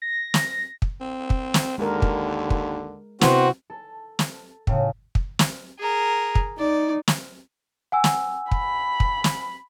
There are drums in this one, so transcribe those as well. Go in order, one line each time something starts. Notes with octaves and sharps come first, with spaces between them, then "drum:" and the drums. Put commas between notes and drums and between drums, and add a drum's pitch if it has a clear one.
A#6
drum: snare
drum: kick
C4
drum: kick
drum: snare
D#2 D3 G#3 A#4
drum: kick
drum: kick
C3 B3 C4 E4 F#4, drum: snare
A4
drum: snare
A2 C#3, drum: kick
drum: kick
drum: snare
G#4 A#4
drum: kick
D#4 D5
drum: snare
F#5 G#5 E6
drum: snare
B5, drum: kick
drum: kick
drum: snare